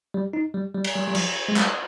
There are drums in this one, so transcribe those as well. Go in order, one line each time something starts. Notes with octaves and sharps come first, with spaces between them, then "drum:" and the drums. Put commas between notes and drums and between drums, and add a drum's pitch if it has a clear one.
G3
D#4
G3
G3
drum: cymbal
G3
G3
F3, drum: cymbal
G#3
G3, drum: clap